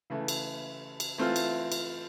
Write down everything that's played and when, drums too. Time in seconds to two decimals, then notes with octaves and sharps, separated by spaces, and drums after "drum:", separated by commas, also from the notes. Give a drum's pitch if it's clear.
0.10 C#3 E3 A3
0.28 drum: cymbal
1.00 drum: cymbal
1.18 E3 A3 C4 F4
1.36 drum: cymbal
1.72 drum: cymbal